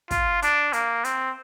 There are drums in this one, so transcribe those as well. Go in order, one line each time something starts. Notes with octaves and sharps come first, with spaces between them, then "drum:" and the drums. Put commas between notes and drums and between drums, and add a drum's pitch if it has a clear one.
F4, drum: kick, hi-hat
D4, drum: hi-hat
A#3, drum: hi-hat
C4, drum: hi-hat